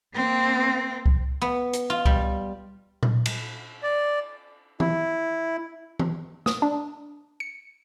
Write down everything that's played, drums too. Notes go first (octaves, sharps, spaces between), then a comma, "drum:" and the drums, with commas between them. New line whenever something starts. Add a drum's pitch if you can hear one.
A#3 C4
drum: kick C2
B3
drum: hi-hat
F4
G3, drum: kick C2
drum: tom A#2
drum: cymbal
D5
E4, drum: tom E3
drum: tom E3
D#6, drum: snare
D4
C#7